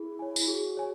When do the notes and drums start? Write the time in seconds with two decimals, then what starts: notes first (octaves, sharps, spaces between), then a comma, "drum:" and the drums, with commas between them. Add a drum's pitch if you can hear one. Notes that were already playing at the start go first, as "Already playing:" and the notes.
Already playing: E4 G#4
0.19 C#5 G#5
0.36 drum: tambourine
0.47 F#4 G#4
0.77 C#5 G#5